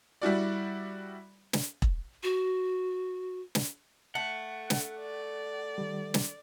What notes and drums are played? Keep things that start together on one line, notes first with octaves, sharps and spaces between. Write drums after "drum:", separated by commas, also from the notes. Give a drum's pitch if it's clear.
G3 E4 F#4 D5
drum: snare
drum: kick E1
F#4
drum: snare
A3 F#5
drum: snare
D5
D#3 G3
drum: snare